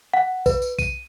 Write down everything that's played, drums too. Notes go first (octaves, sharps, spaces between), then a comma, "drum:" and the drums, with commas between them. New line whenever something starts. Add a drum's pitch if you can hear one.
F#5
B4, drum: kick B1, tambourine
drum: tambourine
D#7, drum: kick B1, tambourine